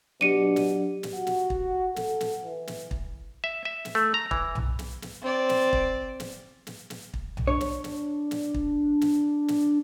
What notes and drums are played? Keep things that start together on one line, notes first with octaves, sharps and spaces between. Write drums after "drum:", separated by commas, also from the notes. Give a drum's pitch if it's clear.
B2 F#3 D4 G4 D5 C#7 D#7
drum: snare
drum: snare
F#4 F#5
drum: snare
drum: kick
A4, drum: snare
drum: snare
E3
drum: snare
drum: kick
E5
E5
drum: snare
A3
A#5
E3, drum: kick
drum: tom B1
drum: snare
drum: snare
C4 D5
drum: snare
drum: kick
drum: snare
drum: snare
drum: snare
drum: kick
drum: tom B1
D4 C#5
drum: snare
drum: snare
drum: snare
drum: kick
drum: snare
drum: snare